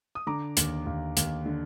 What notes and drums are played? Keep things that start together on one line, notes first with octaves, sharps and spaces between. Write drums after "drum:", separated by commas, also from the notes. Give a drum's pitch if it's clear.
D#6
D3 A#5 D6
D#2, drum: hi-hat
D#2
D#2, drum: hi-hat
D3